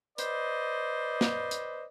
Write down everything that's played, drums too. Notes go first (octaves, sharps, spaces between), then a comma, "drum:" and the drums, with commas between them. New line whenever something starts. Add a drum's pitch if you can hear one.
B4 C5 D5 D#5, drum: hi-hat
drum: snare
drum: hi-hat